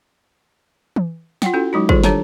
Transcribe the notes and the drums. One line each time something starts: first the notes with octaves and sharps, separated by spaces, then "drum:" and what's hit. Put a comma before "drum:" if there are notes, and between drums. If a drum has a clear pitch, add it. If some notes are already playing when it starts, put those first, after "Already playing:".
drum: tom E3
F4 F#5 G5, drum: snare
C#4 E4 F#4 A4
F#3 G#3 D#4 F#4
D#3 G3 F4 G#4 A4 C5, drum: kick
D4 G4 A4 C#5 A5 A#5, drum: snare